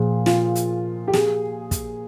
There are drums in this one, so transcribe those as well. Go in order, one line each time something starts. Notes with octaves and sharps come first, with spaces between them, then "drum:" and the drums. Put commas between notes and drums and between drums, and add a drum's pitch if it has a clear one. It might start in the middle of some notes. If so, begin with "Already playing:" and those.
Already playing: A#2 F3 G#4
F4, drum: snare
drum: hi-hat
G4
G#4, drum: snare
drum: kick, hi-hat